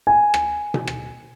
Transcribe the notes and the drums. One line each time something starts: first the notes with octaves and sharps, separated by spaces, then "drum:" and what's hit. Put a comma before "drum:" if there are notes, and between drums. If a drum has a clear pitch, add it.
G#5
drum: rim click
drum: tom B2
drum: rim click